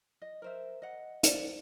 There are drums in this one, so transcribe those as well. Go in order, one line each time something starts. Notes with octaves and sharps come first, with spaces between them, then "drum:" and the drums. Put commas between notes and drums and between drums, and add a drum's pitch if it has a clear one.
D#5
A#4 C5 E5
D#5 F#5
C5 D5, drum: hi-hat